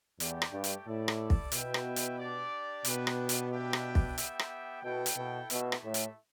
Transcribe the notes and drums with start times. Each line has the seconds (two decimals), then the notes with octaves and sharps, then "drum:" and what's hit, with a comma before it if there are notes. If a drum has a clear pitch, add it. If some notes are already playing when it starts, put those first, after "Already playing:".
0.20 E2 A3 G4 D5 G5, drum: hi-hat
0.42 drum: rim click
0.52 G2
0.64 drum: hi-hat
0.86 A2 G3 E4 A4 D5
1.08 drum: rim click
1.30 drum: kick
1.52 B2 E4 B4 E5 G5, drum: hi-hat
1.74 drum: rim click
1.96 drum: hi-hat
2.19 D4 G4 D5
2.85 B2 B3 D4 B4 G5, drum: hi-hat
3.07 drum: rim click
3.29 drum: hi-hat
3.51 D4 G4 B4 E5 G5
3.73 drum: rim click
3.95 drum: kick
4.18 B3 G4 E5 G5, drum: hi-hat
4.39 drum: rim click
4.83 B2 E4 A4 G5
5.06 drum: hi-hat
5.17 B2
5.50 B2 A3 E4 G4 E5, drum: hi-hat
5.72 drum: rim click
5.83 A2
5.94 drum: hi-hat